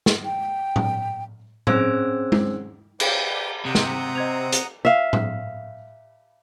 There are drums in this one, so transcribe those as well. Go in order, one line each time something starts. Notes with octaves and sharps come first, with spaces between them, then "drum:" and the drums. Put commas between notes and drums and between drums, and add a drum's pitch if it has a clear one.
drum: snare
G5
drum: tom A2
C4 C#4 G#4 C5 E6 G#6, drum: tom A2
drum: tom G#3
G#4 B4 D5 F5 G5, drum: cymbal
C3 F#5 A#5 D#6
drum: snare
C4 D#5 G#6 F7
drum: hi-hat
E5 F5
drum: tom A2